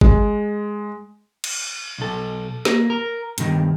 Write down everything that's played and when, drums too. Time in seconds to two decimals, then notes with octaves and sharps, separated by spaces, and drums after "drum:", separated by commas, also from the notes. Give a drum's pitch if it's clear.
0.01 G#3, drum: kick G1
1.44 drum: cymbal
1.98 B1 A4
2.65 A#3, drum: snare
2.90 A#4
3.38 G2 B2 D#3, drum: hi-hat